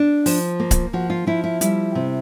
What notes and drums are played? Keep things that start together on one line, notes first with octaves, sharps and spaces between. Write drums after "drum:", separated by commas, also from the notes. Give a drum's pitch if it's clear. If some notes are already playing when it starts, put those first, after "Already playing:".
Already playing: D4
F3, drum: open hi-hat
A#3
drum: kick C#1, hi-hat
F3 F#4
F4
F3 E4
E4
G3 E4, drum: hi-hat
C3